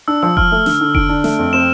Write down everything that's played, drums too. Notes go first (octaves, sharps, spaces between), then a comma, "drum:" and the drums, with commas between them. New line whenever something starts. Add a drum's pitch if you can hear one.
D4 E6
F3 E6
F3 F6, drum: kick F1
A3
D3, drum: snare
D3
D3 D7, drum: kick F1
D4
A3, drum: snare
F2
C4 E7